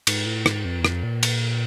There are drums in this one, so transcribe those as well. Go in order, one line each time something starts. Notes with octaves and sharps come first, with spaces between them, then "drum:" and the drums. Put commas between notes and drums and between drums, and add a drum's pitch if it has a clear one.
G#2, drum: cymbal
A2
G#2, drum: rim click
F2
E2
F2, drum: rim click
A#2
drum: cymbal